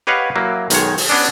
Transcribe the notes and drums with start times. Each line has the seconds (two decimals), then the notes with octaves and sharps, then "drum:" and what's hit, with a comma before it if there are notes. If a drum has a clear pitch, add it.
0.07 G4 B4 C#5 D#5 F5 F#5
0.36 F#3 A#3 E4
0.70 B1 D#3 G#3 C#5, drum: hi-hat
0.98 drum: open hi-hat
1.09 B3 C#4 D4